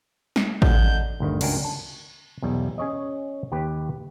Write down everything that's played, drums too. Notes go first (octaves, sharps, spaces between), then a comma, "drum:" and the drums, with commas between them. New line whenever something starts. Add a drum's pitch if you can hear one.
drum: snare
D3 D#4 G6, drum: kick A1
G1 D2 D#3
C#2 D4 F#4 A#4 G5 G#5, drum: cymbal
A5
B1 E2 G3
C#4 G#4 C#5 D#5
D#2 G4 B4